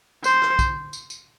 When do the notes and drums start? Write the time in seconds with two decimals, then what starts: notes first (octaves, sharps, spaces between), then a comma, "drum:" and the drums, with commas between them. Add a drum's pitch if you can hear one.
0.24 C5, drum: tambourine
0.42 drum: rim click
0.59 drum: kick, tambourine
0.93 drum: tambourine
1.10 drum: tambourine